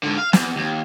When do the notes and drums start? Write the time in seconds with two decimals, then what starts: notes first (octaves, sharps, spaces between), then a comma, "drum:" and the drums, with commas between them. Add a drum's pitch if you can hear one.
0.03 G#2 D3
0.17 F5
0.33 E2, drum: snare
0.57 D#2